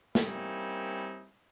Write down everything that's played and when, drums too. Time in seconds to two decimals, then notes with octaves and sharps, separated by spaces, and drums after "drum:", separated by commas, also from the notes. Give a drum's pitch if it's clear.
0.15 G3 A#3 C4 C#4 D#4 E4, drum: snare